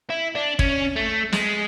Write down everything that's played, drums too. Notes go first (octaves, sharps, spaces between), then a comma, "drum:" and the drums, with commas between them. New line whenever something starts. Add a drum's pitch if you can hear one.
E4
D4
C#4, drum: kick
A3
G#3, drum: snare